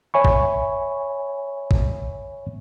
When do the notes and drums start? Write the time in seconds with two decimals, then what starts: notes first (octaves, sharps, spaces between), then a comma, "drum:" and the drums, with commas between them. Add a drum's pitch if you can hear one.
0.14 C#5 E5 G#5 B5 C#6
0.25 drum: kick
1.71 drum: kick